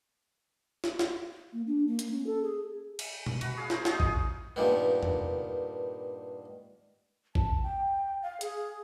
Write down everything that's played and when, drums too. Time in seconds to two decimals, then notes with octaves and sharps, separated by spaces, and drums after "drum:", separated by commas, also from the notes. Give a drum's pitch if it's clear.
0.84 drum: snare
0.99 drum: snare
1.53 A#3
1.67 D4
1.88 A#3
1.99 drum: hi-hat
2.11 C#4
2.27 A4
2.43 G#4
2.99 drum: cymbal
3.26 drum: tom B2
3.41 F#4 B4, drum: cymbal
3.57 G#4 F5
3.70 A#4 C5, drum: snare
3.85 D#4 F#4 G#4, drum: snare
4.00 D#6, drum: kick
4.56 G2 A#2 D#3 B3
5.03 drum: tom E2
7.35 A5, drum: kick
7.63 G5
8.23 F5
8.41 G#4, drum: hi-hat